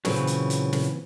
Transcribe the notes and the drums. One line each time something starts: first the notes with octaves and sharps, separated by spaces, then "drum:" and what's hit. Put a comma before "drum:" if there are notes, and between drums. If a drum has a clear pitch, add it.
A#2 C#3 E3 F#3 C4, drum: snare
drum: hi-hat
drum: hi-hat
drum: snare